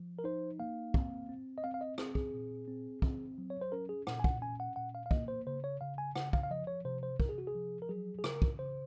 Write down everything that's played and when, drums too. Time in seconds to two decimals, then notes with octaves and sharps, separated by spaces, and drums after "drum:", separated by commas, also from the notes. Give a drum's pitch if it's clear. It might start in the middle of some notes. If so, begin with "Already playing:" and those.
Already playing: F3
0.19 A#4
0.24 D#4 C5
0.59 A#3 F5
0.94 C4, drum: kick
1.29 C4
1.58 D#5
1.64 C4 F5
1.74 F5
1.81 D#5
1.98 C4 G#4, drum: rim click
2.15 G#4, drum: kick
2.34 A#2
2.68 C4
3.02 C4, drum: kick
3.38 F#3
3.50 C#5
3.61 C5
3.72 C#4 A#4
3.89 G#4
4.07 A#2 F#5, drum: rim click
4.20 G#5
4.24 F#5, drum: kick
4.42 C#4 G#5
4.60 F#5
4.76 A#2 F#5
4.95 F5
5.06 F5
5.11 A#3 D#5, drum: kick
5.28 C5
5.47 C#3 C5
5.64 C#5
5.81 C#3 F5
5.98 G#5
6.15 C#3 F#5, drum: rim click
6.33 F5, drum: kick
6.43 F5
6.50 F3 D#5
6.67 C#5
6.85 C3 C5
7.03 C5
7.20 C3 A#4, drum: kick
7.29 G#4
7.38 F#4
7.47 G#4
7.55 F3
7.82 A#4
7.89 F#3 G#4
8.19 G#4
8.24 C#3 A#4, drum: rim click
8.42 drum: kick
8.59 C#3 C5